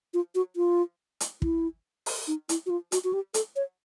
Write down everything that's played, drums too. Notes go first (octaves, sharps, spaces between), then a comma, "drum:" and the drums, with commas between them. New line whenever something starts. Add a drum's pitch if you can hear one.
F4
F#4
F4
drum: hi-hat
E4, drum: kick
drum: open hi-hat
D#4
E4, drum: hi-hat
F#4
F4
F#4, drum: hi-hat
F#4
G4
A4, drum: hi-hat
C#5